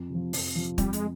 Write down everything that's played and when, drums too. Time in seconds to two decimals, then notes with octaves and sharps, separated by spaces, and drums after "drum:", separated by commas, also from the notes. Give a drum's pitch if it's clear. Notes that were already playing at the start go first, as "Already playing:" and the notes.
Already playing: F2
0.10 C3 F3
0.33 F2, drum: open hi-hat
0.55 C3 F3
0.78 F2 G3, drum: kick, hi-hat
0.93 G#3, drum: hi-hat